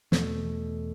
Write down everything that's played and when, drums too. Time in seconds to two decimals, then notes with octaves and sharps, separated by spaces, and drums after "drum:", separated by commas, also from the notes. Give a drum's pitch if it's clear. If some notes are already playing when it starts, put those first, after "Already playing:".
0.12 E2 B2 A3, drum: snare